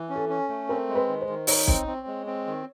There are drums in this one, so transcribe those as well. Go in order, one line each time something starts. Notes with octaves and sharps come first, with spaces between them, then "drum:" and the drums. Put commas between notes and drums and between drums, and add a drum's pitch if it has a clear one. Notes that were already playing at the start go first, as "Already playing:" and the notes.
Already playing: E3
C#4
A4
C#4
A3
C4 A#4
G#3
B4
D#3
C5
D#3
D#4 C#5, drum: open hi-hat
C4, drum: kick B1
C4
G#3
C4
D#3